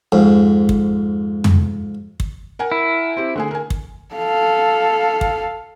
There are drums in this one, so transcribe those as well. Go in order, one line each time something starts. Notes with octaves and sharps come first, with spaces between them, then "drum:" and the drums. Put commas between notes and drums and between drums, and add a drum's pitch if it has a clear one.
F2 G#2
drum: kick
drum: tom
drum: kick
A#4 F#5 G#5
E4
C4 G4
D3 A3 G#4
A#4 G#5
drum: kick
A4 F5
drum: kick